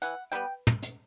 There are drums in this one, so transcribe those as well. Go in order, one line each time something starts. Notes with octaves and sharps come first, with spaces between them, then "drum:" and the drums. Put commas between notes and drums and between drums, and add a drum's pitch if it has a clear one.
E3 F#5
G3 B3 G5
drum: tom
drum: hi-hat